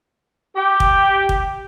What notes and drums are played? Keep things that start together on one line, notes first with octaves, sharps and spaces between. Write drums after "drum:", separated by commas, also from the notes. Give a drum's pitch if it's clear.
G4
drum: kick
drum: kick